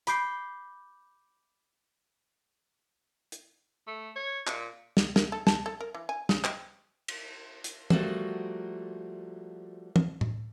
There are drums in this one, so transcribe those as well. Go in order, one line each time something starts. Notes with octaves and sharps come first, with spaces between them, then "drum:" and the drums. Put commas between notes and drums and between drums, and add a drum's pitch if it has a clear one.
B5 D6 G6 C7, drum: hi-hat
drum: hi-hat
A3
C#5
A#2, drum: clap
drum: snare
A#4, drum: snare
A4
A5, drum: snare
A4
A#4
E3
G#5
C#3, drum: snare
G5, drum: clap
drum: cymbal
drum: hi-hat
F3 G3 A3 A#3 F#4, drum: tom
drum: tom
drum: tom A2